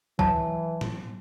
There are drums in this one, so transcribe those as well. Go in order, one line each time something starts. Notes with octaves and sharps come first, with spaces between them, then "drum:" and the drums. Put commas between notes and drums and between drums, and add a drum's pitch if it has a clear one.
E3 F#3 A5, drum: kick
drum: tom A2